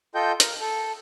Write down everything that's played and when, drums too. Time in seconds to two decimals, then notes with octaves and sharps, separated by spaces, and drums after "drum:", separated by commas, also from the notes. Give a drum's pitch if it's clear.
0.15 F4 A4 D#5 G5 G6
0.40 A#4, drum: hi-hat
0.60 A4